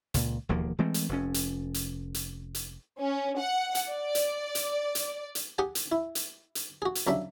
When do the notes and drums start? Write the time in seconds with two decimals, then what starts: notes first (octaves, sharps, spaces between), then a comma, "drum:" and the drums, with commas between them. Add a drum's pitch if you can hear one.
0.14 C#2 A#2, drum: hi-hat
0.49 E1 D#2 F3 A#3
0.79 E3 G#3 A3 C4
0.94 drum: hi-hat
1.09 F1 F2 C#4
1.34 drum: hi-hat
1.74 drum: hi-hat
2.14 drum: hi-hat
2.55 drum: hi-hat
2.99 C#4
3.39 F#5
3.75 drum: hi-hat
3.90 D5
4.15 drum: hi-hat
4.55 drum: hi-hat
4.95 drum: hi-hat
5.35 drum: hi-hat
5.58 G4 G#4 F#5 G#5
5.75 drum: hi-hat
5.92 E4
6.15 drum: hi-hat
6.55 drum: hi-hat
6.82 F#4 G#4
6.95 drum: hi-hat
7.07 C2 C#3 F#3 D4 E5